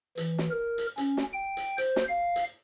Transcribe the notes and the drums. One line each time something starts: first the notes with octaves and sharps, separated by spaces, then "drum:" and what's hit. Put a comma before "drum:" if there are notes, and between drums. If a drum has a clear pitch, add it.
E3, drum: hi-hat
drum: snare
A#4
drum: hi-hat
C#4, drum: hi-hat
drum: snare
G5
drum: hi-hat
C5, drum: hi-hat
drum: snare
F5
drum: hi-hat